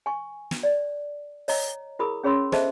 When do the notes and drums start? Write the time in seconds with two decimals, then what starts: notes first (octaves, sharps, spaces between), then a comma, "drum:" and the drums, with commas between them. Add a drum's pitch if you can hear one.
0.06 G#5 C#6
0.51 drum: snare
0.63 D5
1.48 C#5 D#5 A#5, drum: open hi-hat
1.99 E4 G#4 A#4 B5 D#6
2.24 C#4 G#4 C#5 B5 C6 E6
2.52 G#4 A4 C5 D#5 E5 A5, drum: snare